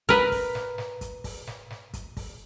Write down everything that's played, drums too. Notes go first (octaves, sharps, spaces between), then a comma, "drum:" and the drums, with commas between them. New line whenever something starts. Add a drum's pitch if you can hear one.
A#4 B4, drum: kick, hi-hat
drum: kick, open hi-hat
drum: snare
drum: snare
drum: kick, hi-hat
drum: kick, open hi-hat
drum: snare
drum: snare
drum: kick, hi-hat
drum: kick, open hi-hat